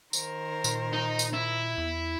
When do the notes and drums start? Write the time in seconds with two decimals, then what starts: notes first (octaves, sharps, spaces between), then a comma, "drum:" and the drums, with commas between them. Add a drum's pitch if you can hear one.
0.13 D#3 A#4 C5, drum: tambourine
0.64 A#2, drum: tambourine
0.93 D#4
1.19 drum: tambourine
1.33 E4
1.78 E2